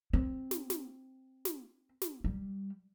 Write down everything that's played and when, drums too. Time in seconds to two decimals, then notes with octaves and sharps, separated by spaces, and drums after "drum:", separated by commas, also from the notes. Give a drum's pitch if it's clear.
0.13 C4
0.51 drum: snare
0.70 drum: snare
1.45 drum: snare
2.02 drum: snare
2.24 G3